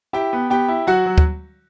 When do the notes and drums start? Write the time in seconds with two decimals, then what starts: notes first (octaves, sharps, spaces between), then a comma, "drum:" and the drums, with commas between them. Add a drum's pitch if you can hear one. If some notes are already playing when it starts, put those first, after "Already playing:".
0.13 E4 G4 G5
0.33 B3
0.50 B3 G4 G5
0.68 E4
0.87 F#3 F#4 F#5
1.06 F#3
1.18 drum: kick D2